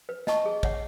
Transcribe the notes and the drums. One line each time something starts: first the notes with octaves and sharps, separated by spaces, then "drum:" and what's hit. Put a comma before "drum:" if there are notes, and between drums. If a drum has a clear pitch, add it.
B4
D#5 A5 C#6, drum: snare
G#4
C#5 F#5, drum: kick